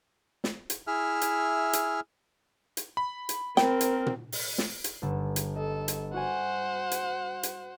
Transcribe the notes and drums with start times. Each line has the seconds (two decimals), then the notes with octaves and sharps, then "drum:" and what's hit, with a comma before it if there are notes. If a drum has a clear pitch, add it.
0.44 drum: snare
0.70 drum: hi-hat
0.87 E4 G#4 E5 F6
1.21 drum: hi-hat
1.73 drum: hi-hat
2.77 drum: hi-hat
2.97 B5
3.29 drum: hi-hat
3.57 C4 A#4 G5, drum: snare
3.81 drum: hi-hat
4.06 drum: tom A#2
4.32 drum: open hi-hat
4.58 drum: snare
4.84 drum: hi-hat
5.02 G1 A4
5.36 drum: hi-hat
5.56 A4 D#5
5.88 drum: hi-hat
6.14 F#4 C5 F#5 G#5
6.91 drum: hi-hat
7.43 drum: hi-hat